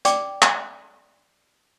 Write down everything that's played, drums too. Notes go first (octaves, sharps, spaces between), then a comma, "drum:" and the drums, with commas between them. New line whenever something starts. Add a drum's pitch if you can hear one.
D5 G5 D6, drum: hi-hat
drum: clap